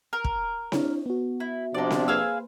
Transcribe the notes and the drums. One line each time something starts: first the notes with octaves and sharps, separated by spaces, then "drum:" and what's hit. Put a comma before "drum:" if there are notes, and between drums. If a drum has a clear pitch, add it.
A#4
drum: kick
D4 E4 C#5, drum: snare C4
B3 F#4
E4
C3 F3 D4 D#4 D5
drum: snare C4
A#3 G#4 B4 C5 F5 E6